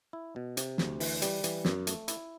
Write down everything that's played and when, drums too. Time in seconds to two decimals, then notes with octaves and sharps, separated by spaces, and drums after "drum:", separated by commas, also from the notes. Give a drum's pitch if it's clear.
0.13 E4
0.36 B2
0.57 C3, drum: hi-hat
0.78 D2, drum: snare
1.00 E3, drum: open hi-hat
1.22 G3, drum: hi-hat
1.44 E3, drum: hi-hat
1.65 F#2, drum: snare
1.87 A3, drum: hi-hat
2.08 E4, drum: hi-hat